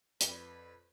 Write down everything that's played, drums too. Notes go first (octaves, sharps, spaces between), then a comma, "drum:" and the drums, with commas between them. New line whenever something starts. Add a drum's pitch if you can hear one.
F2 B4 D5, drum: hi-hat